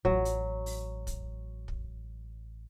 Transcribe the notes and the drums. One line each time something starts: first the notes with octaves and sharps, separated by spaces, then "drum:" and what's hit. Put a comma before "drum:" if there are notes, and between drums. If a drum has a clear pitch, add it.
A1 F#3, drum: kick
drum: hi-hat
drum: open hi-hat
drum: kick, hi-hat
drum: kick